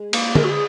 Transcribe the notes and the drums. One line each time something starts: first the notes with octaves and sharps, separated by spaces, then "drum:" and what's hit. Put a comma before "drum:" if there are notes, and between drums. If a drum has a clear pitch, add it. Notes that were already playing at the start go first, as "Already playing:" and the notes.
Already playing: G#3
A#3, drum: cymbal
G#3 A#4, drum: tom
F#4
G#4